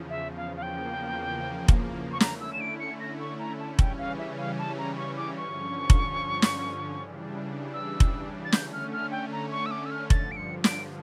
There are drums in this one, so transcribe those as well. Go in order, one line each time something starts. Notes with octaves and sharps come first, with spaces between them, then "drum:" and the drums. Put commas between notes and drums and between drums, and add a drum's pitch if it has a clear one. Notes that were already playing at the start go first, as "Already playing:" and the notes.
Already playing: E2 C#3 F3
E5
F5
F5
E2 C#3 F3 A#3 G5
drum: kick F1
C#6
D3 A3 C#4 E4 A#5, drum: snare
E6
E7
D7
C#7
A#6
C#6
A#5
A5
C#3 E3 G3 C#4 G5, drum: kick F1
F5
E5
F5
A5
A#5
C#6
D6
G2 D3 F3 C#4 C#6
drum: kick F1
drum: snare
C#3 E3 G3 D4
E6
drum: kick F1
A6
D3 A3 C#4 G6, drum: snare
F6
F6
G5
A#5
C#6
E6
D6
E6
F6
G2 D3 F3 A6, drum: kick F1
D7
C#7
D7, drum: snare